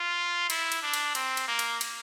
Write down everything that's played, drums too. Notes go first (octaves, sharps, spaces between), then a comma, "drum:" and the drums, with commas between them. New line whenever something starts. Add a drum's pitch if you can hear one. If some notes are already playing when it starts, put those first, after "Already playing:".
Already playing: F4
E4, drum: cymbal
drum: cymbal
D4
drum: cymbal
C4, drum: cymbal
drum: cymbal
A#3
drum: cymbal
drum: cymbal